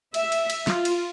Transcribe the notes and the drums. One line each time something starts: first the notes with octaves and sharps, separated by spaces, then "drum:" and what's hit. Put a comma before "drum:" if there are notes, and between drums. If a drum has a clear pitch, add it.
E5, drum: cymbal
drum: cymbal
drum: cymbal
F4, drum: snare
drum: cymbal